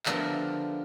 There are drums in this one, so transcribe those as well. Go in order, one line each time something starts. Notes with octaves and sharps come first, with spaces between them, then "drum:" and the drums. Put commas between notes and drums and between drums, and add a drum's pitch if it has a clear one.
D3 F3 A3 B3 G4 A#4, drum: clap